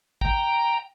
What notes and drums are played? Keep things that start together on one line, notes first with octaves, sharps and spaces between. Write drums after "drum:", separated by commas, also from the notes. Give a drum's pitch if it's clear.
G5 A#5, drum: kick